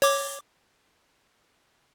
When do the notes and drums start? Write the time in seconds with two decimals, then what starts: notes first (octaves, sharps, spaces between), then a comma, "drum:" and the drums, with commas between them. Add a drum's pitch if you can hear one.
0.02 C#5 D6, drum: open hi-hat